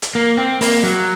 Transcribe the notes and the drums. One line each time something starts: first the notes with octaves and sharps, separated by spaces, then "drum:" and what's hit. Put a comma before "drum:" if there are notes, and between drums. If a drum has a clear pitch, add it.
drum: hi-hat
A#3
C4
A#3, drum: open hi-hat
F#3